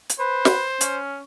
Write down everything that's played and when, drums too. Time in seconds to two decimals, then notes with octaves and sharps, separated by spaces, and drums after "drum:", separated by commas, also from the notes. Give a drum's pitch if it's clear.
0.10 drum: hi-hat
0.20 B4 C5
0.45 drum: snare
0.81 C#4, drum: hi-hat